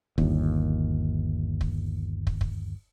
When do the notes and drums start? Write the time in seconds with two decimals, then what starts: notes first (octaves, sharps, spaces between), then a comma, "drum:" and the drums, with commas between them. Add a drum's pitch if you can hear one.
0.18 G1 D#2, drum: kick
1.61 drum: kick
2.27 drum: kick
2.41 drum: kick